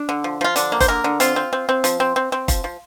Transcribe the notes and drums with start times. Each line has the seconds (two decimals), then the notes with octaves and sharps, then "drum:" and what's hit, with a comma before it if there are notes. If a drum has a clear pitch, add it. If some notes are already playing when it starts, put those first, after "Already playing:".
Already playing: D4
0.09 D3
0.24 F3
0.41 F3 F4
0.56 D3 D4, drum: hi-hat
0.72 A#3
0.80 C5, drum: kick, hi-hat
0.88 D3 A#4
1.04 D3
1.20 C4 F4, drum: hi-hat
1.36 C4
1.53 C4
1.69 C4
1.84 F3, drum: hi-hat
2.00 C4
2.16 C4
2.32 C4
2.48 F3, drum: kick, hi-hat
2.64 F3